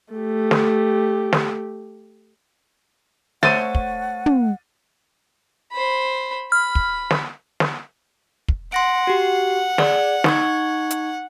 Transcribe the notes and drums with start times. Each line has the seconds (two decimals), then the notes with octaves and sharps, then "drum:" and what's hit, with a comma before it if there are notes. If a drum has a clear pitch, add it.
0.13 A3 G4
0.51 drum: snare
1.33 drum: snare
3.43 A3 C5 C#5 F#5 A6 D#7, drum: snare
3.75 drum: kick
4.26 drum: tom
5.72 C5 B5
6.52 B5 F6
6.75 drum: kick
7.11 drum: snare
7.60 drum: snare
8.48 drum: kick
8.72 F#5 C6 A#6 D7
9.07 F#4 G4
9.78 G#4 D5, drum: snare
10.24 D#4 C#6 G#6, drum: snare
10.91 drum: hi-hat